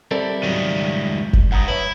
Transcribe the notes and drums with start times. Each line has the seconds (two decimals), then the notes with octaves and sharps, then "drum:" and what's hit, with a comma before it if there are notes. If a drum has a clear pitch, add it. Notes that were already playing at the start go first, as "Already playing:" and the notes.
0.11 G3 C4 E4 A4 A#4 D5
0.43 C#2 G#2 D#3 F#3
1.33 drum: kick F#1
1.52 G2 F#5 A#5 D#6
1.68 E4 B4 C#5 E5